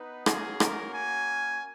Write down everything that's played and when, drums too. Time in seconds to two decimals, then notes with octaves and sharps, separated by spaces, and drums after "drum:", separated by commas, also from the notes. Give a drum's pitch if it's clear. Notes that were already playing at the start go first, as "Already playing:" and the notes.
Already playing: B3 D#4 B4
0.26 A#3 C#4 F#4 G#4, drum: rim click
0.60 A#4, drum: rim click
0.94 G#5